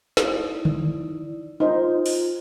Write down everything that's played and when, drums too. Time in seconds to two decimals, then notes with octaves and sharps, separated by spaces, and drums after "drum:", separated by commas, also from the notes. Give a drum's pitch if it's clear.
0.17 D#4 E4 D5, drum: snare
0.65 drum: tom D3
1.60 D#4 F4 C5
2.06 drum: open hi-hat